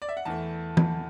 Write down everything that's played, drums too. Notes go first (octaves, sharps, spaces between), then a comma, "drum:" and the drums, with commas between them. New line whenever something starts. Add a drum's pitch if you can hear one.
D5
E5
F#5
E2 E3 A3 A5
drum: tom E3